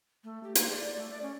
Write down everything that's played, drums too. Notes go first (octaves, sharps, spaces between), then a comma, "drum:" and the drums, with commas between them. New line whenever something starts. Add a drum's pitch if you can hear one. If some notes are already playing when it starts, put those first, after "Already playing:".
A3
G4
A#3, drum: hi-hat
D5
D5
A3
D5
C#4